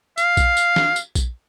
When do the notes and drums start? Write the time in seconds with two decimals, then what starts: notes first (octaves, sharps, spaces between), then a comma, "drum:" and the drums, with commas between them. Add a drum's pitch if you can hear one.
0.18 F5, drum: tambourine
0.37 drum: kick A#1, tambourine
0.57 drum: tambourine
0.76 drum: snare
0.96 drum: tambourine
1.15 drum: kick A#1, tambourine